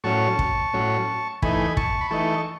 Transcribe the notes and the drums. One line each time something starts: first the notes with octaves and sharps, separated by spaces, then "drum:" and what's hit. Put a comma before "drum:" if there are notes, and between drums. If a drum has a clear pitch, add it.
A2 F#3 C#4 A5 C#6
drum: kick
A2 F#3 C#4
E3 A3 D#4 G#5 B5, drum: kick
A5 C#6, drum: kick
B5
E3 A3 D#4 A5 C#6